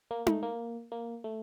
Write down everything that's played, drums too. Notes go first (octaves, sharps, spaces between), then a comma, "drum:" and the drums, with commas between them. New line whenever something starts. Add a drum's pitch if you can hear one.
A#3
A3, drum: tom D#4
A#3
A#3
A3